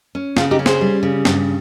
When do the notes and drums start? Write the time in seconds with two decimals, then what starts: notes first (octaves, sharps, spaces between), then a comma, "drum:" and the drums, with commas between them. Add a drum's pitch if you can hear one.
0.15 C#4
0.37 C#3 F4, drum: snare
0.51 D#4 G4
0.59 C#4
0.66 G#4 C5, drum: snare
0.81 G3
1.03 C#3
1.25 G2, drum: snare